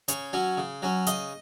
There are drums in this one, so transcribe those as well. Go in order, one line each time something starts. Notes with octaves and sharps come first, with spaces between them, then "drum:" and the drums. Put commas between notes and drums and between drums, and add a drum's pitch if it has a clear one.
C#3 C#5, drum: hi-hat
F#3 C#4
C#3
F#3 C#4
C#3 D#5, drum: hi-hat